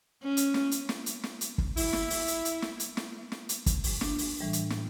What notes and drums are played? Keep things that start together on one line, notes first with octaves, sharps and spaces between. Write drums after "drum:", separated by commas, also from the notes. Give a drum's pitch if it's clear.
C#4
drum: hi-hat
drum: snare
drum: hi-hat
drum: snare
drum: hi-hat
drum: snare
drum: hi-hat
drum: kick
E4, drum: open hi-hat
drum: snare
drum: open hi-hat
drum: hi-hat
drum: hi-hat
drum: snare
drum: hi-hat
drum: snare
drum: snare
drum: hi-hat
drum: kick, hi-hat
drum: open hi-hat
D4, drum: snare
drum: open hi-hat
A2 E3 G3
drum: hi-hat
drum: snare